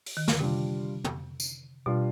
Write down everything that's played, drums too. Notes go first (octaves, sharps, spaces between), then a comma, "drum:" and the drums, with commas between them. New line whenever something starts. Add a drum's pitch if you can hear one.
drum: open hi-hat
D#3
D3, drum: snare
C3 G3 D4 F4
drum: tom
drum: tambourine
B2 G3 D4 F4